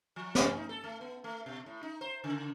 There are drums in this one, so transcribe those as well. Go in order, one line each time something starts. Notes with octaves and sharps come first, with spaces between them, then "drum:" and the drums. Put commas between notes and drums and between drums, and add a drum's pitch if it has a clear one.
F3
C#4, drum: snare
D#4
A4
A3
B3
A3
B2
A2
D#4
C5
C#3